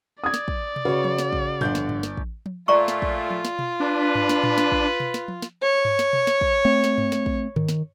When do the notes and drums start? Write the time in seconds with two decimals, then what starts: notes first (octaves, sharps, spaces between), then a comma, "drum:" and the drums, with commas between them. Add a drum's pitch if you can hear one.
0.24 D5 D#6 G#6
0.34 drum: snare
0.48 drum: kick
0.76 drum: tom B2
0.85 C#3 F#4 B4 C#5
1.04 drum: tom F3
1.18 drum: snare
1.33 drum: kick
1.61 G1 D3 F3 F#5 G6, drum: tom A2
1.75 drum: snare
1.89 drum: tom G2
2.03 drum: snare
2.17 drum: kick
2.46 drum: tom F3
2.68 A#2 A3 F4 D5 A#5 C#6
2.88 drum: snare
3.02 drum: kick
3.30 drum: tom F3
3.45 drum: snare
3.59 drum: tom B2
3.80 D4 B4
4.15 drum: tom G2
4.29 drum: snare
4.44 drum: tom A2
4.58 drum: snare
4.72 drum: kick
5.00 drum: tom B2
5.14 drum: snare
5.28 drum: tom F3
5.42 drum: snare
5.62 C#5
5.85 drum: tom G2
5.99 drum: snare
6.13 drum: tom B2
6.27 drum: snare
6.41 drum: kick
6.65 A3 C4
6.84 drum: snare
6.98 drum: tom G2
7.12 drum: snare
7.26 drum: kick
7.56 D#3, drum: tom G2
7.69 drum: snare